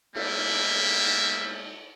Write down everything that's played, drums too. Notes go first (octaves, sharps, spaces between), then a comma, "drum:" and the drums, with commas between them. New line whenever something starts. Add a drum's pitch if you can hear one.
G3 G#3 A#3 B3 E5, drum: cymbal